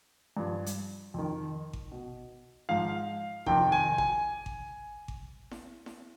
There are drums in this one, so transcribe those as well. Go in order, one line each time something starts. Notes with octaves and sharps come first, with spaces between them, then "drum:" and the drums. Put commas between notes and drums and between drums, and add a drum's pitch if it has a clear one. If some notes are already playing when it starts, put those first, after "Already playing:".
G2 F3
drum: hi-hat
F2 D#3
drum: kick G#1
B2
G#2 F3 F5
F2 C3 D#3 G5, drum: kick G#1
G#5
G#5, drum: kick G#1
drum: kick G#1
drum: kick G#1
drum: snare E4
drum: snare E4